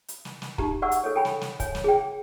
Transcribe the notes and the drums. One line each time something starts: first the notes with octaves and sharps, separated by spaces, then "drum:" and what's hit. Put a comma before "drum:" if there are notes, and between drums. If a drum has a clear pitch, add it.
drum: hi-hat
drum: snare
drum: snare
D#4 G4 A#5, drum: kick
D5 F#5 C#6 E6
drum: hi-hat
A4 C#5
A4 G5 G#5 B5
drum: snare
drum: snare
C#5 G#5, drum: kick, hi-hat
drum: snare
G#4 G5